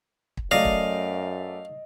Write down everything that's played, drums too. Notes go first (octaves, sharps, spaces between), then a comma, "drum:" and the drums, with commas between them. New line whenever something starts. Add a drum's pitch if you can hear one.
drum: kick
F#2 F#3 A3 D5 D#5 F5
drum: kick